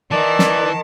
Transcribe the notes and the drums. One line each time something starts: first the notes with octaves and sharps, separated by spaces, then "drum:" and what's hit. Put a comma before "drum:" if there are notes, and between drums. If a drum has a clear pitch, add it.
D#3 E3 D5 A5
drum: snare